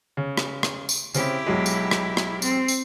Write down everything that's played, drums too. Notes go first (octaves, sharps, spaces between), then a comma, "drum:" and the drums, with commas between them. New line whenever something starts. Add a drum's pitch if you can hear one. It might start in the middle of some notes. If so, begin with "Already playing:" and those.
C#3
drum: rim click
drum: rim click
drum: tambourine
C#3 C4 E4 G4, drum: tambourine
B1 F#3 G#3
drum: tambourine
drum: rim click
drum: rim click
C4, drum: tambourine
drum: tambourine